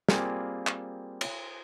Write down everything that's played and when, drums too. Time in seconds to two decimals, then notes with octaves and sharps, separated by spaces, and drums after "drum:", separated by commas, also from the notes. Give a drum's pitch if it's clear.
0.09 G3 A#3 C4 F4 G#4, drum: snare
0.67 drum: clap
1.21 drum: cymbal